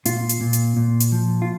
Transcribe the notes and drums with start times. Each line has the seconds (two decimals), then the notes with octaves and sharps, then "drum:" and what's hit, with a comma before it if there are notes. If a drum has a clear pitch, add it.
0.05 A#2 F4, drum: hi-hat
0.29 drum: hi-hat
0.41 A#2
0.53 drum: hi-hat
0.77 A#2
1.00 drum: hi-hat
1.12 F3
1.42 F4